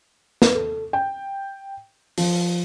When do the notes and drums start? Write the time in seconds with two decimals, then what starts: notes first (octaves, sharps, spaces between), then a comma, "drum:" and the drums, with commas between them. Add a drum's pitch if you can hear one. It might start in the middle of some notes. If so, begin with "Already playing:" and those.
0.42 B4, drum: snare
0.55 A4
0.93 G5
2.18 F3, drum: open hi-hat